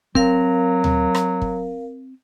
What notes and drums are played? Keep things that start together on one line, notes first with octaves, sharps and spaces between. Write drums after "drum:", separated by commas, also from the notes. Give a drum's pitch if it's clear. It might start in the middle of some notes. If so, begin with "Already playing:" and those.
F#3 C4 A#4 F5, drum: kick
drum: tom D2
drum: rim click
drum: kick